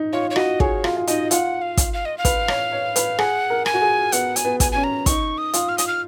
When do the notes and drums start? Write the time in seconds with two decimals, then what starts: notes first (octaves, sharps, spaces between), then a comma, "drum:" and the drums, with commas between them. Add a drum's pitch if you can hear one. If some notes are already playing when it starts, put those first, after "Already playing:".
Already playing: D#4
0.13 F4 C#5
0.30 C#5
0.36 F#4 D#5, drum: rim click
0.60 G#4 C#5, drum: kick
0.84 F4, drum: rim click
0.97 F4
1.07 D#4 D#5, drum: hi-hat
1.31 F4 F#5, drum: hi-hat
1.62 F5
1.77 drum: kick, hi-hat
1.93 F5
2.05 D#5
2.18 F5
2.25 B4, drum: kick, hi-hat
2.48 C#5, drum: rim click
2.72 C#5
2.96 B4, drum: hi-hat
3.19 G#4 F#5, drum: rim click
3.50 A#4
3.66 G#5, drum: rim click
3.74 F#4
3.82 G#4
4.12 B3 F#5, drum: hi-hat
4.36 G#5, drum: hi-hat
4.44 B3
4.60 G#5, drum: kick, hi-hat
4.72 C#4 G#5
4.84 A#5
5.06 D#4 C#6, drum: kick, hi-hat
5.38 D#6
5.53 F4, drum: hi-hat
5.69 F6
5.78 D#6, drum: hi-hat
5.87 F6